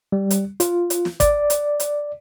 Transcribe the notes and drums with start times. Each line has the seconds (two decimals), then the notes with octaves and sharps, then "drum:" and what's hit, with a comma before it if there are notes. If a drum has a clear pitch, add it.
0.12 G3
0.31 drum: hi-hat
0.60 F4, drum: hi-hat
0.90 drum: hi-hat
1.05 drum: snare
1.20 D5, drum: kick, hi-hat
1.50 drum: hi-hat
1.80 drum: hi-hat